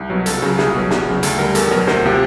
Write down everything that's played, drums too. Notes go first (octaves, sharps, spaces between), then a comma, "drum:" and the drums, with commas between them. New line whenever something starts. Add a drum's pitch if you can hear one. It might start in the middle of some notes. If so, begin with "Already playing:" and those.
Already playing: C2
B2 F#3
C#2 A4, drum: hi-hat
C#3 F#3
C2 G#4, drum: snare
B2 F#3
E2, drum: snare
C#3 F#3
D2 A4, drum: hi-hat
D3 G3 A#4
E2 A4, drum: hi-hat
B2 F#3 A#4
D2 C5, drum: snare
C3 F3